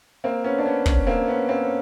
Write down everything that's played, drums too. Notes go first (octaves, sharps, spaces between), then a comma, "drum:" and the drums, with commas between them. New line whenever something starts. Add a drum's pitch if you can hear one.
A#3 C4
B3 C#4
D4
B3 C#4
B3 C#4, drum: kick
A#3 C4
B3 C#4
A#3 C4
C#4